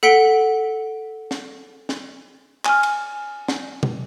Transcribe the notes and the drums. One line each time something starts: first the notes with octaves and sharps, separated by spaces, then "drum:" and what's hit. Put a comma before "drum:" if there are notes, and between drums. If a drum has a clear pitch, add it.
A4 F#5 B6 D7 G7
drum: snare
drum: snare
G#5 F6, drum: clap
drum: cymbal
drum: snare
drum: tom B2